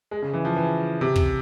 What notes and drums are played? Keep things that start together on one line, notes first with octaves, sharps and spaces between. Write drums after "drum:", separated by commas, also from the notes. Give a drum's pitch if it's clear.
G#3
C#3
E3
F3
E3
C3
drum: kick